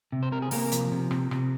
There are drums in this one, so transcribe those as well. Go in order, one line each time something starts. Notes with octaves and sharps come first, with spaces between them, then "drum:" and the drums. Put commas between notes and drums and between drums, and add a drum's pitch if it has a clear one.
C3
C5
C3 A#4
G#4
C3 A#3 A#4, drum: open hi-hat
F3, drum: hi-hat
C3
C3, drum: rim click
C3, drum: rim click